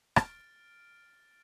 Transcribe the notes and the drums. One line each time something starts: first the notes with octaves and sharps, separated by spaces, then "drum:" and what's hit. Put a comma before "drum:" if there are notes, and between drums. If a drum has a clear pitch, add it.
F6 A6 D7, drum: rim click